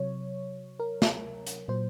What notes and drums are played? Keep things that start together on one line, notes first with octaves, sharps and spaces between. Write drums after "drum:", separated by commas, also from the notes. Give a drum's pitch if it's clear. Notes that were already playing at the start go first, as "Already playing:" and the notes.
Already playing: C3 F#3 C#5
A#4
drum: snare
drum: hi-hat
A#2 F#3 C5